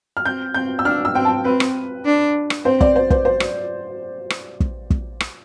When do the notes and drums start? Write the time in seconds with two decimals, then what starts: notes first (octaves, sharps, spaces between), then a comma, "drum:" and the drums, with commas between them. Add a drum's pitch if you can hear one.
0.17 F6
0.25 C4 G6
0.54 C4 G6
0.79 E6
0.85 D4 F6
1.05 E6
1.15 C4 G5
1.25 A5
1.45 C4 B4
1.60 drum: rim click
2.06 D4
2.50 drum: rim click
2.65 C4 C5
2.81 D5, drum: kick
2.96 C5
3.10 C5, drum: kick
3.25 C5
3.40 drum: rim click
4.30 drum: rim click
4.60 drum: kick
4.90 drum: kick
5.20 drum: rim click